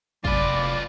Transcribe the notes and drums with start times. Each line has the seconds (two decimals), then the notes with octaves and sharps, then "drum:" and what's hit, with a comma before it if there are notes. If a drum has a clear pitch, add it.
0.25 F1 F#3 F4 B4 D5, drum: kick